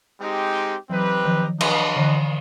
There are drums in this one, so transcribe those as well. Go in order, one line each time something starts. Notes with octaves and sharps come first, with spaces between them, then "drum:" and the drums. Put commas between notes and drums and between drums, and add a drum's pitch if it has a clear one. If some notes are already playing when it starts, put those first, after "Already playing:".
G#3 C4 D#4 G4
E3 F#3 C4 D#4 G4 B4
D#3 F3
D4 F#4 B4 D#5, drum: cymbal
D3 E3